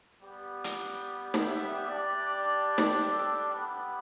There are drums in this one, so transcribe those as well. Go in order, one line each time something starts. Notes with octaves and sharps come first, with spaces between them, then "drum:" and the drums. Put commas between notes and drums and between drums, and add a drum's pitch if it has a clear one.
G3 B3 G4
drum: hi-hat
drum: snare
E5
G3 D4 G4 D5
drum: snare
A4
B3 G4 B4